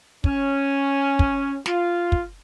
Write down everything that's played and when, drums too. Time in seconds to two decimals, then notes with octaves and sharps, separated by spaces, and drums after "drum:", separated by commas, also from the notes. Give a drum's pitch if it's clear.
0.24 C#4, drum: kick
1.19 drum: kick
1.66 F4, drum: snare
2.12 drum: kick